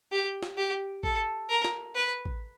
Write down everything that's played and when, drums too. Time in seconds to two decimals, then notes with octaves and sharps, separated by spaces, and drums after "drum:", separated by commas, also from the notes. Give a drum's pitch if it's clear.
0.12 G4
0.43 drum: snare
0.57 G4
1.03 A4, drum: kick
1.49 A#4
1.64 drum: snare
1.95 B4
2.25 drum: kick